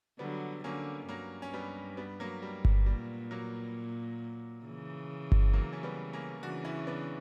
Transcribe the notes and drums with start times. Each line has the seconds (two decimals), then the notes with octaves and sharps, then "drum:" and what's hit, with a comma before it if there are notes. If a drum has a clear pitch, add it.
0.19 D3 F#3 G3 B3
0.64 D3 A#3 C#4
1.09 G2 F#3 A#3
1.42 C#4
1.54 G3 B3
1.97 G3 B3
2.20 F#3 A#3
2.42 G3
2.65 drum: kick G1
2.86 A#2 G3
3.31 F#3 A#3
4.65 C#3 E3
5.32 drum: kick G1
5.53 F#3 A#3
5.73 C#4
5.83 G3 B3
6.13 A#3 C#4
6.42 C#3 E3 D4 F#4
6.65 C#4 E4
6.87 B3 D4